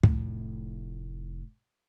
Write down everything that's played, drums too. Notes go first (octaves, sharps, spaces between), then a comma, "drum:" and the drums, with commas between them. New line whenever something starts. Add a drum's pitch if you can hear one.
F1 A2, drum: kick